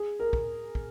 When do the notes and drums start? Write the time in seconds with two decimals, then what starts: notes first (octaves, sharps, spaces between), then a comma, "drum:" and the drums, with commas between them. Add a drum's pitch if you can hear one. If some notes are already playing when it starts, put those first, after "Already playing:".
Already playing: G#4
0.20 A#4
0.33 drum: kick
0.75 drum: kick